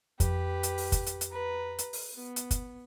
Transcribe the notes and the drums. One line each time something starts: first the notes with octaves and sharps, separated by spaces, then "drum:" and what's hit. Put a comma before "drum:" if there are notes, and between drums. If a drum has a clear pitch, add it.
F2 G4 B4, drum: kick, hi-hat
drum: hi-hat
drum: open hi-hat
drum: kick, hi-hat
drum: hi-hat
drum: hi-hat
B4 A#5
drum: hi-hat
drum: open hi-hat
B3
drum: hi-hat
drum: kick, hi-hat